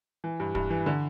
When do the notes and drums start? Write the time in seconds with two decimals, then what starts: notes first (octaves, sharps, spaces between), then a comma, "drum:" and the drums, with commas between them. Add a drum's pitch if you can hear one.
0.24 E3
0.40 G2
0.55 G2, drum: kick
0.70 E3
0.86 D3